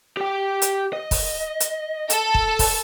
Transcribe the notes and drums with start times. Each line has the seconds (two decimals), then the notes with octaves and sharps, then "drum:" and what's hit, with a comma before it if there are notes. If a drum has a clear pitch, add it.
0.17 G4 G5
0.62 drum: hi-hat
0.93 D#5
1.11 drum: kick, open hi-hat
1.60 drum: hi-hat
2.10 A4, drum: hi-hat
2.34 drum: kick
2.59 drum: kick, open hi-hat